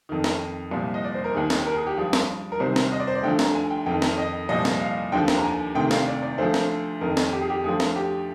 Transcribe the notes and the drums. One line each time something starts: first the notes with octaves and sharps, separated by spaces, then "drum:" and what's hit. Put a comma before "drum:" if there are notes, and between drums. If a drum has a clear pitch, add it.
F2 D#3
drum: snare
C2 A#2 F3
D#5
D5
C5
A#4
D#2 D#3 G#4
drum: snare
A#4
G#4
G4
G2 F3 G#4
drum: snare
A#4
C2 C3 D#3 C5
drum: snare
D#5
D5
C5
D5
D2 D3 F3 G5
A#5, drum: snare
G#5
G5
F2 D#3 G5
drum: snare
D#5
C2 A#2 F3 D#5
drum: snare
F5
D#2 D3 F3 G5
drum: snare
A#5
G#5
D2 C3 D#3 G5
F5, drum: snare
D5
D5
D2 D3 F3 C5
drum: snare
F2 D#3 A#4
drum: snare
G4
G#4
G4
D2 D3 F3 G#4
drum: snare
G4